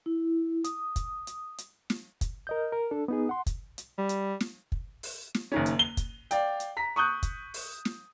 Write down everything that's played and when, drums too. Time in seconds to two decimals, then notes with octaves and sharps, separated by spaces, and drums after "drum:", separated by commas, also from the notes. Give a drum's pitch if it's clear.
0.06 E4
0.64 D#6, drum: hi-hat
0.96 drum: kick, hi-hat
1.27 drum: hi-hat
1.58 drum: hi-hat
1.90 drum: snare
2.21 drum: kick, hi-hat
2.47 A#4 D#5 G6
2.72 A#4
2.91 D4 A4
3.08 B3 D#4 G#4
3.29 F#5 C6
3.46 drum: kick, hi-hat
3.78 drum: hi-hat
3.98 G3
4.09 drum: hi-hat
4.40 drum: snare
4.72 drum: kick
5.03 drum: open hi-hat
5.35 drum: snare
5.52 F#1 D#3 C#4
5.66 drum: hi-hat
5.79 G7
5.97 drum: kick, hi-hat
6.31 D5 F5 G5, drum: hi-hat
6.60 drum: hi-hat
6.77 A#5 B6
6.96 C#6 D#6 F#6 G6
7.23 drum: kick, hi-hat
7.54 drum: open hi-hat
7.85 drum: snare